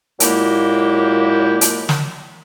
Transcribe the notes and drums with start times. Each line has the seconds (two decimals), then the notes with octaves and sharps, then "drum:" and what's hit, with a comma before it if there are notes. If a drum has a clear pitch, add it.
0.20 A#2 F#3 G#3 A#3 E4 G4, drum: hi-hat
1.61 drum: hi-hat
1.89 drum: snare